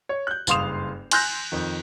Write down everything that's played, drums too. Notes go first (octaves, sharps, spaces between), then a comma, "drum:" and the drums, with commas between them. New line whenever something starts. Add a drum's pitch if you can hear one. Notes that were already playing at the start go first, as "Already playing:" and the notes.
C#5
F#6 G6
F#1 G2 F5 C6 D#6 F7, drum: tambourine
G#5 C6 E6 F#6 G6 A#6, drum: cymbal
F2 D#3